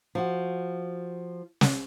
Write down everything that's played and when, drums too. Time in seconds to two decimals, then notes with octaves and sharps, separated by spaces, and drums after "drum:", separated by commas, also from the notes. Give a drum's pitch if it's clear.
0.15 F3 F#4
1.61 drum: snare